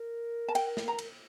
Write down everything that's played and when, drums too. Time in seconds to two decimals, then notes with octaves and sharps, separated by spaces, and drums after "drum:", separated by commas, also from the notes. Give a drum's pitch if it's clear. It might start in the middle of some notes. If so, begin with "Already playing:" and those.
Already playing: A#4
0.48 A5
0.55 G5, drum: cymbal
0.77 drum: snare
0.88 A#5
0.99 drum: cymbal